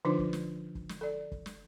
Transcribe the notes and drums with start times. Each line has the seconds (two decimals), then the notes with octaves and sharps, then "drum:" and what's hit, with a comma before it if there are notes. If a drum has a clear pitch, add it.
0.05 D3 F3 D4 D#4 F4 C5
0.19 drum: kick F#1
0.33 drum: snare
0.75 drum: kick F#1
0.89 drum: snare
1.01 A4 D5
1.32 drum: kick F#1
1.46 drum: snare